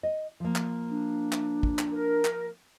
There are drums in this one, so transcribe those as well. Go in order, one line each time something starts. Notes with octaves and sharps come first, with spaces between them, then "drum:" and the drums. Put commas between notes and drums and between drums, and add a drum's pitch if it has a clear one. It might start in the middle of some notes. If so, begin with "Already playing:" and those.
D#5
F3 A#3
drum: clap
D4
drum: clap
drum: kick
drum: clap
A#4
drum: clap